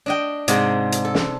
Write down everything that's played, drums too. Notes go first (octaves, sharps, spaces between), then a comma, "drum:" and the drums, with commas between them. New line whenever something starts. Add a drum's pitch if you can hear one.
D4 D#5 G5
G#2 C3 G#3 D5 G5 A#5, drum: hi-hat
drum: hi-hat
A4
drum: snare